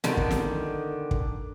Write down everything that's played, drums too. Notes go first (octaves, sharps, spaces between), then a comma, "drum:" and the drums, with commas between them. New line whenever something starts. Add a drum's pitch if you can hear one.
D3 D#3, drum: snare
drum: kick
drum: snare
drum: kick